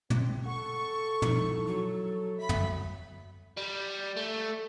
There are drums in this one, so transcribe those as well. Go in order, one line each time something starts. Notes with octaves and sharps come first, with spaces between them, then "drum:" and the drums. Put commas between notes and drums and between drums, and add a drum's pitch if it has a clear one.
C4, drum: tom
A4 F#5 C#6
B2 F3 D#4 E4, drum: tom
F#3 F#4 C#6
E5 B5 B6
drum: tom
G3
A3